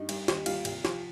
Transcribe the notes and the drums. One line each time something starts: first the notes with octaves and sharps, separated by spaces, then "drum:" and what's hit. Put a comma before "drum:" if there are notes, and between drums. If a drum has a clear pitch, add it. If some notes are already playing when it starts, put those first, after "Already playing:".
Already playing: G2 D#4
G3, drum: cymbal
D#2, drum: snare
G3 F4 F5, drum: cymbal
C2, drum: cymbal
F3, drum: snare